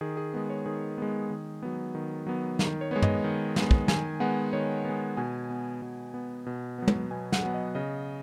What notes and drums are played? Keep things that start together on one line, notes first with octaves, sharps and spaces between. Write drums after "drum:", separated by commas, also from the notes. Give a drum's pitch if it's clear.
D#3 G#4
G#4
G#3 B3
C#5
D#3 G#4
G#3 B3
D#3
F#3 B3
D#3
F#3 B3
D#3, drum: snare
C#5
G#3 B3 C#5
D#5, drum: tom
D#3
G#3 B3, drum: snare
drum: kick
D#3 G#5, drum: snare
G#3 B3 F#5
D#3 C#5
G#3 B3
B2 G#5
B3
B2
B3
B2
F#3 B3
drum: tom
B2 G#5
F#5, drum: snare
F#3 B3
D#5
C#3 D#5